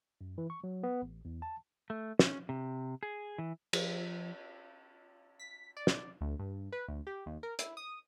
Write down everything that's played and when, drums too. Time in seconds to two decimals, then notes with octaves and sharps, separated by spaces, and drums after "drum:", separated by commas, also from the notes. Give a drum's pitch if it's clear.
0.21 F#2
0.38 E3
0.50 C#6
0.64 F#3
0.83 B3
1.02 A1
1.25 E2
1.42 A5
1.90 A3
2.19 C#4, drum: snare
2.49 C3
3.03 G#4
3.38 E3
3.73 F3, drum: cymbal
5.39 B6
5.77 D5
5.87 drum: snare
6.21 D2
6.39 G2
6.72 B4
6.88 D2
7.07 G4
7.26 D#2
7.43 A#4
7.59 E4, drum: hi-hat
7.77 D#6